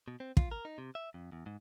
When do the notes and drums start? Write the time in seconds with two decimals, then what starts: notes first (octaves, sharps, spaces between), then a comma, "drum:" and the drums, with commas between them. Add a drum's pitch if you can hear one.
0.08 B2
0.20 C4
0.37 F4, drum: kick
0.51 A#4
0.65 D#4
0.78 C3
0.95 E5
1.14 F2
1.32 E2
1.46 G#2